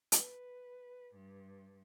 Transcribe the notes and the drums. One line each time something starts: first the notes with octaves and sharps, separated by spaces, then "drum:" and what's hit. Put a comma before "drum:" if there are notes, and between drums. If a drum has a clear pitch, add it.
B4, drum: hi-hat
G2